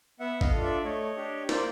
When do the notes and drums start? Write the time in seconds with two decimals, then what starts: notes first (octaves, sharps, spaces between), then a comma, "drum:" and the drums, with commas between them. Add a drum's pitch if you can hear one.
0.20 B3 E5 F#5
0.41 D#5 F5, drum: kick G#1
0.52 D4 F4 A4
0.63 D5 E5
0.84 A3 C#5 D#5
1.17 D4 G4
1.49 A#3 C5 D5, drum: snare